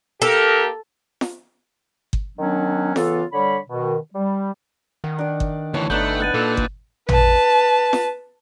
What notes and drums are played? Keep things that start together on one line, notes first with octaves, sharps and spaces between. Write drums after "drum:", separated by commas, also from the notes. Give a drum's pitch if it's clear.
A#3 G4 A4 A#4
drum: snare
drum: kick G1
D#3 F#3 B3 C#4 D4
C#3 E3 B3 F4 A4, drum: snare
D3 G3 C#5 B5
B2 D#3
G3
D#3 F#5
D4 D5
drum: kick G1
D2 E3 C#5 A5
G1 A3 B3 D4 D#4 G6 F#7
B4 F#5 F#6 A6 D#7
A#2 A4
drum: kick G1
B4 A5, drum: tom
drum: snare